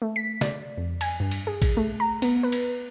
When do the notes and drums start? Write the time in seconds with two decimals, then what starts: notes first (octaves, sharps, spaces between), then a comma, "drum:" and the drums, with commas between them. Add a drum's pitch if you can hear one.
0.02 A3
0.16 B6
0.41 D5, drum: snare
0.77 F2
1.01 G#5, drum: cymbal
1.20 G2
1.31 drum: cymbal
1.47 G#4
1.62 drum: kick A1, cymbal
1.77 A3
2.00 A#5
2.22 B3, drum: cymbal
2.43 B4
2.52 drum: cymbal